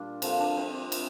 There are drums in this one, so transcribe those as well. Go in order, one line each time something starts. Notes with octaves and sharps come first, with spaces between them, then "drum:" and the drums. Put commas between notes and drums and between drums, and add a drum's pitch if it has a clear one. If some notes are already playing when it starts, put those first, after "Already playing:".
Already playing: A#2 G3 D4 F4
D3 F3 A#3 C4, drum: cymbal
D4
C4
drum: cymbal